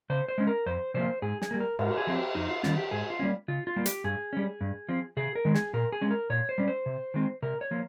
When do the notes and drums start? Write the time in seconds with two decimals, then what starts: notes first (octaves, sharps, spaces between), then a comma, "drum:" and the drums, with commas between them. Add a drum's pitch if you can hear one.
0.10 C#3 C5
0.28 C5
0.38 G#3 C#4
0.47 A#4
0.66 F2 C5
0.94 C3 F3 A#3 C5
1.22 G#2 G#4
1.42 G#4, drum: snare
1.51 G3 A#3
1.60 A#4
1.79 G#2 A#4, drum: cymbal
1.98 G#4
2.07 F3 C4
2.16 G4
2.35 F2 D#4
2.49 F4
2.63 D#3 G3 C#4 F4, drum: snare
2.78 G4
2.91 G#2 G#4
3.10 F4
3.19 G3 A#3 C#4
3.48 C#3 F4
3.67 F4
3.76 G3 A#3
3.86 G4, drum: hi-hat
4.04 G2 G#4
4.33 G3 C#4
4.61 G2
4.89 F3 C4
5.17 C3 G#4
5.35 A#4
5.45 D#3 G#3
5.55 G#4, drum: snare
5.73 A#2 A#4
5.92 G#4
6.01 G#3 C#4
6.11 A#4
6.30 A#2 C#5
6.49 C5
6.58 G3 C#4
6.68 C5
6.86 C3
7.14 D#3 G#3 C4
7.42 C3 A#4
7.61 C#5
7.71 F3 A#3